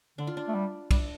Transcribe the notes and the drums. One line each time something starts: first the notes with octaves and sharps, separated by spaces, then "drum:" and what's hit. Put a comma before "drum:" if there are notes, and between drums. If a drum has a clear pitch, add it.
D3 D4
F4
D4
A3
G3
G3 D4, drum: kick, cymbal